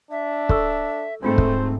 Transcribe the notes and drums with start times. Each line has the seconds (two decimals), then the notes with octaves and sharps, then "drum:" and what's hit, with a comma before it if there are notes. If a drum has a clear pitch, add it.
0.11 D4 E5
0.49 A4 C#6 E6, drum: kick
1.23 G#2 A3 C4 D4 F4 C5 G5
1.38 drum: kick